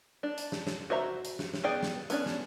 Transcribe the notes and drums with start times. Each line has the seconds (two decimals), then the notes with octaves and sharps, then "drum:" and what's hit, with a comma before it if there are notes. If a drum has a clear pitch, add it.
0.23 D4
0.38 drum: hi-hat
0.52 drum: snare
0.67 drum: snare
0.90 F#4 C5 E5 A#5
1.25 drum: hi-hat
1.39 drum: snare
1.54 drum: snare
1.64 B3 G#4 D5 G5
1.83 drum: snare
2.10 B3 C#4 D4, drum: hi-hat
2.26 drum: snare